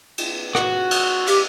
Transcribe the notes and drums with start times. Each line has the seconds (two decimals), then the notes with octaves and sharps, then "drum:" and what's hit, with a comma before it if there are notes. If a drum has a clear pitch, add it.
0.18 drum: cymbal
0.55 F#4, drum: rim click
0.91 drum: cymbal
1.27 G4, drum: cymbal